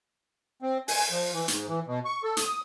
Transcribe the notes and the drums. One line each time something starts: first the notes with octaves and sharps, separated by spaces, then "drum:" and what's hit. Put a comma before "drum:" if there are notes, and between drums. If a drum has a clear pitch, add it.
C4
G#5, drum: open hi-hat
F3
E3
G#2, drum: hi-hat
E3
B2
C#6
A4
D#6, drum: hi-hat